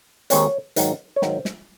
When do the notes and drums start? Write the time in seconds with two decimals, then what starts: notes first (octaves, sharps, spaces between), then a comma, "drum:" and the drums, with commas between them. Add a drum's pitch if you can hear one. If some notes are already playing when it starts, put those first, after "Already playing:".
0.30 D#2 D#3 G#3 C4 C#5, drum: hi-hat
0.76 G#2 D#3 F#3 A#3, drum: hi-hat
1.16 C#5
1.22 G#2 D#3 F#3 A#3 C5, drum: snare
1.45 drum: snare